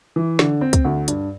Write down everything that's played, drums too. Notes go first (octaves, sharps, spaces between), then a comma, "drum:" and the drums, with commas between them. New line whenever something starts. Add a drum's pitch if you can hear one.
E3
D3, drum: snare
C4
drum: kick, hi-hat
D2
G2, drum: hi-hat